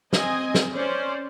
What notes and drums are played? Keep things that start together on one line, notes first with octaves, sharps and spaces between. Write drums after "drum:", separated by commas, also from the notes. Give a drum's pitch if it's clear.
C4 D#5 G#5, drum: snare
drum: snare
C#4 C5 D5